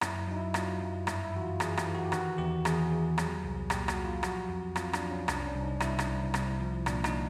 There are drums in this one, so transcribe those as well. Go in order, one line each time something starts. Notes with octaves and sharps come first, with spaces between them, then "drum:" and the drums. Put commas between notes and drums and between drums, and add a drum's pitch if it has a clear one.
F#2 E4, drum: rim click
F#3 D#4
E4
F#3 F4, drum: rim click
F#2
G2 E4, drum: rim click
E4
E3 F#4
F4
E3 G#4, drum: rim click
G4, drum: rim click
E3
F#4
G4
D#3 F#4, drum: rim click
E2 G4
E2 G#4, drum: rim click
E2
F#3, drum: rim click
C2
A#2 G4, drum: rim click
F#4, drum: rim click
F#3
F4
F3 F#4, drum: rim click
F2
F2 F4, drum: rim click
D4, drum: rim click
F3
C#4
C2 D4, drum: rim click
C#4
C2
D#4
C2 E4, drum: rim click
drum: rim click
C2
C2, drum: rim click
F3
A#2 D4, drum: rim click
D#4, drum: rim click